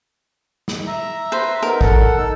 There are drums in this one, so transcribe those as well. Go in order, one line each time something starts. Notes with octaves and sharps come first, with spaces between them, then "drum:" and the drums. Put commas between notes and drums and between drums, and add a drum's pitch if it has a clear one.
drum: snare
E5 A#5
B4 C5
B3 D#4 A#4
A4 F#5, drum: kick
D#4 A4 E6